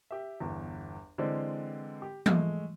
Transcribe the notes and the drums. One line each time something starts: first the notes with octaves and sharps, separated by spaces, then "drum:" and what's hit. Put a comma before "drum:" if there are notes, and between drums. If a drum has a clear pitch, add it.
G4 E5
G1 E2
D3 E3 G#3 C4 D5
G4
G#3 A3, drum: tom E3